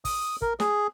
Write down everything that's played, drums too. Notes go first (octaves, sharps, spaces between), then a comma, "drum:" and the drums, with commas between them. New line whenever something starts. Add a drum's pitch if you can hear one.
D#6, drum: kick, open hi-hat
A#4, drum: kick
G#4, drum: snare